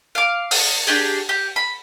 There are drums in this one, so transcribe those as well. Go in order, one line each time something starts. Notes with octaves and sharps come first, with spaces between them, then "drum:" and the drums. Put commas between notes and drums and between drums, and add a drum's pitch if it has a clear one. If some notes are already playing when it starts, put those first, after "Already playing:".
F5 D6
D#6, drum: open hi-hat
D4 G4 G#4
G4
B5